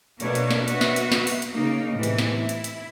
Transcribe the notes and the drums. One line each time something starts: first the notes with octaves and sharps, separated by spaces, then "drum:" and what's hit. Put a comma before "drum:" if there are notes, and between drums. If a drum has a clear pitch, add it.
B2 A3 A#3 D4 A#4 C#5, drum: hi-hat
drum: hi-hat
drum: snare
F#4 B4 E5, drum: hi-hat
drum: snare
drum: hi-hat
drum: snare
drum: open hi-hat
drum: hi-hat
C#3 A#3 D#4
A2 C3 E3
drum: hi-hat
drum: snare
E4
drum: hi-hat
drum: hi-hat